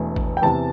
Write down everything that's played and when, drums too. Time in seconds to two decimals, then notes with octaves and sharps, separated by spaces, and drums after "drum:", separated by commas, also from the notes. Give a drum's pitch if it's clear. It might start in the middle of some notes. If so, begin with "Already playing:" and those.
Already playing: E1 E2 E3 A3
0.16 drum: kick A1
0.37 G5
0.42 E2 C3 E3 A5